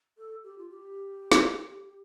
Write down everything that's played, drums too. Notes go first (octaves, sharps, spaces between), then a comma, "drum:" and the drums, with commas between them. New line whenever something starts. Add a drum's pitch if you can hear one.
A4
G4
F4
G4
drum: snare